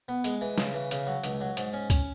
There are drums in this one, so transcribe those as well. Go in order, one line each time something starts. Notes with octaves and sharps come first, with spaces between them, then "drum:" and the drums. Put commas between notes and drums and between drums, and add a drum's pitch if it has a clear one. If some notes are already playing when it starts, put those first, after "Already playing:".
B3
G#3, drum: hi-hat
E3
C#3, drum: snare
E3
C#3, drum: hi-hat
F#3
C#2, drum: hi-hat
F#3
G#2, drum: hi-hat
C#4
C#4, drum: kick C#2, hi-hat